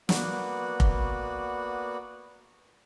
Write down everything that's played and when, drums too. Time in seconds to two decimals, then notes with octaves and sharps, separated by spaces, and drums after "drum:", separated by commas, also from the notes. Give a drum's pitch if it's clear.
0.09 A#3 B3 F#4 B4 D5 F#5, drum: snare
0.80 drum: kick F1